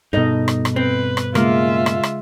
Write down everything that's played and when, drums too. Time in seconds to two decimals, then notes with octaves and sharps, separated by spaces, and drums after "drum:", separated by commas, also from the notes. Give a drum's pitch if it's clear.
0.13 G2 B2 D#4 A4 D#5
0.48 drum: rim click
0.65 drum: rim click
0.76 C4 B4
1.17 drum: rim click
1.35 C#3 G#3 A#3 F4 E5, drum: rim click
1.86 drum: rim click
2.03 drum: rim click